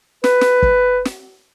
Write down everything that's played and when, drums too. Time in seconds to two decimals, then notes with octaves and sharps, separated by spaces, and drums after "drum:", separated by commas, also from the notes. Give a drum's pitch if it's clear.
0.24 B4, drum: snare
0.41 drum: snare
0.62 drum: kick
1.05 drum: snare